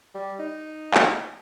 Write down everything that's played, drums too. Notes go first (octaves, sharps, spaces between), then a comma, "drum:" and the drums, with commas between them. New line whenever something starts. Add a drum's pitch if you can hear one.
G3
D#4
drum: clap